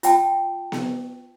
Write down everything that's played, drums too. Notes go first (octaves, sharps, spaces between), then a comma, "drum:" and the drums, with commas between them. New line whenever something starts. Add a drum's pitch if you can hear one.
F4 G5 A5, drum: hi-hat
drum: snare B3